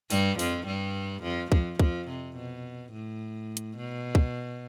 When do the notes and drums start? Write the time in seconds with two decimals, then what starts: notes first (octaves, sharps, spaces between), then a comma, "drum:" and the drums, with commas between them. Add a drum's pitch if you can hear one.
0.10 G2 G3, drum: open hi-hat
0.39 F2 F3, drum: open hi-hat
0.67 G2 G3
1.23 F2 F3
1.52 F2 F3, drum: kick
1.80 F2 F3, drum: kick
2.08 C3
2.36 B2
2.92 A2
3.57 drum: hi-hat
3.77 B2
4.15 drum: kick